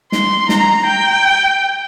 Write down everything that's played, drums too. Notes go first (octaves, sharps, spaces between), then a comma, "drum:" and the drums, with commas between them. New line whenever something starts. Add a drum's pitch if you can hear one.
C6, drum: snare
A#5, drum: snare
G5